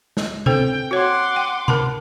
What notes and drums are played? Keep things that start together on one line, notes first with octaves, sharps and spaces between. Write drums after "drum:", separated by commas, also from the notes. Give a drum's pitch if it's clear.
drum: snare
C4 A4 C5 G5, drum: tom C3
F#4 C#5 F#5 C6 D6
G5
A#4 A5 B5, drum: tom C3